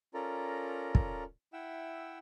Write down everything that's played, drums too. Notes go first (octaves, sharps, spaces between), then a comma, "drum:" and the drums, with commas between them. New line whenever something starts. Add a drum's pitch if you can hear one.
C#4 F4 A4 A#4 D5 A#5
drum: kick
E4 E5 F#5 G5 E6